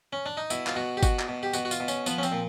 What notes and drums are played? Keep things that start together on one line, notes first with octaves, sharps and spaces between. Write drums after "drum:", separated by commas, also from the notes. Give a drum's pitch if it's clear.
C#4
D4
D#4
B2 E4, drum: tambourine
F4, drum: clap
B2 F#4
G4
B2 F#4, drum: kick G1, tambourine
drum: clap
B2
G4
B2 F#4, drum: tambourine
F#4
F4, drum: tambourine
B2
C#4, drum: tambourine
F3 B3, drum: tambourine
C#4
C4, drum: tambourine
A#2